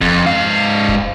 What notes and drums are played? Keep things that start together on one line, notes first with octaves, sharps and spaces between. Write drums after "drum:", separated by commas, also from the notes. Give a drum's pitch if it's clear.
F2, drum: kick
G#2 F5
drum: kick